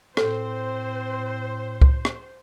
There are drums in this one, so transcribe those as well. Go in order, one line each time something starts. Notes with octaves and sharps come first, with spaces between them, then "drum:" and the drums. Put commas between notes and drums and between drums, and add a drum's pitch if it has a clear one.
A2 C4 A4 C5, drum: rim click
drum: kick C#2
drum: rim click